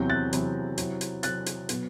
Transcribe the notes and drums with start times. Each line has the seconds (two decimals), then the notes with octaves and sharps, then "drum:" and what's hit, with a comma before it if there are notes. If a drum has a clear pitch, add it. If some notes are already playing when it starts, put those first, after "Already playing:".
Already playing: E2 C3 F#3 C4 E4 G6
0.10 F#6 A6
0.33 E2 C3 F#3 C4 E4, drum: hi-hat
0.78 C3 F#3 C4 E4, drum: hi-hat
1.01 drum: hi-hat
1.23 C3 F#3 C4 E4 F#6 A6, drum: hi-hat
1.46 drum: hi-hat
1.69 B2 F#3 B3, drum: hi-hat